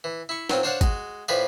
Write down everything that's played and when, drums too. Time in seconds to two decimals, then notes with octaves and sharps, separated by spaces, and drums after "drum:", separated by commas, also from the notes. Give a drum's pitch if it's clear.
0.04 E3
0.29 E4 C#6
0.50 F#3 C4 F4, drum: snare
0.63 D4 C5 C#5 F5 F#5 A5
0.81 G#3 F#4, drum: kick, hi-hat
1.28 A2 F3 B4 D5 F5 G#5